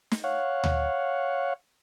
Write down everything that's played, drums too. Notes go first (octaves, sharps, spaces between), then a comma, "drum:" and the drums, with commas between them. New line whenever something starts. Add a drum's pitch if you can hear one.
drum: snare
C#5 F5 F#5
drum: tom D2